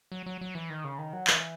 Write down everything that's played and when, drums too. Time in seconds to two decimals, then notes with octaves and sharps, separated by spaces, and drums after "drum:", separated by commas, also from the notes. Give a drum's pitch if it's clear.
0.12 F#3
0.26 F#3
0.41 F#3
0.55 E3
0.70 D#3
0.84 C#3
0.99 D#3
1.13 F#3
1.27 E3, drum: clap